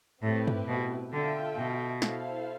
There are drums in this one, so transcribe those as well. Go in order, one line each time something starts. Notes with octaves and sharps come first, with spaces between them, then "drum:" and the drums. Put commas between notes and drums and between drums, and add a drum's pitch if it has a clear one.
A2 A3 C4 E4 G4 B4
drum: tom G2
B2
D3 F4 A4 E5 G5
B2
E4 A4 C5 F5, drum: snare